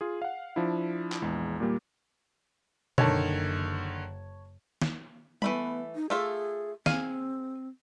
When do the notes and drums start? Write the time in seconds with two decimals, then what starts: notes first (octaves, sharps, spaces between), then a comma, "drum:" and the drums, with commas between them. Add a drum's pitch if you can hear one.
0.01 F4 G#4
0.22 F5 F#5
0.56 F3 D4 E4
1.12 drum: clap
1.22 A#1 E2 G#3
1.60 A#2 G3 A#3 G4
2.98 F#1 D3 D#3 C#5 A5, drum: tom B2
4.82 drum: snare
5.42 E3 A3 B3 B5, drum: tom G3
5.95 D#4
6.10 A3 F4 G#4 E5
6.86 C4 G#4 F5 G#5, drum: snare